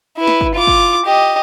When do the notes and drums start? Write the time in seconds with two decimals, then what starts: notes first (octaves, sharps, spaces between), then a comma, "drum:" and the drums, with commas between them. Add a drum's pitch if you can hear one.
0.17 E4 B4
0.27 drum: snare
0.41 drum: kick
0.54 F4 D6
0.67 drum: kick
1.05 G4 D#5